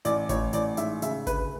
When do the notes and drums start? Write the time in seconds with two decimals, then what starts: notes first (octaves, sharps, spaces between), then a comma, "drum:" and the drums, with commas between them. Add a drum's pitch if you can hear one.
0.05 A1 D5, drum: hi-hat
0.29 A1 C#5, drum: kick G#1, hi-hat
0.53 A1 D5, drum: hi-hat
0.77 G#2 E5, drum: hi-hat
1.02 C#3 E5, drum: hi-hat
1.27 D2 B4, drum: kick G#1, hi-hat